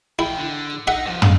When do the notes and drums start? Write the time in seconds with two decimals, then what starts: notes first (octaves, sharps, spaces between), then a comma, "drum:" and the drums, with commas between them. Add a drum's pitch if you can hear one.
0.19 E3 E4 G5
0.38 D3
0.87 D#4 E5 F#5
1.06 G2 F3
1.22 F5, drum: tom